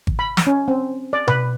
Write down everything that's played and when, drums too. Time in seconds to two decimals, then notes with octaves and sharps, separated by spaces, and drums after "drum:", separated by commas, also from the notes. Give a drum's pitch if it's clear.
0.07 drum: kick G#1
0.19 B5
0.37 drum: snare
0.47 C#4
0.68 C4
1.13 D5
1.28 B4, drum: tom B2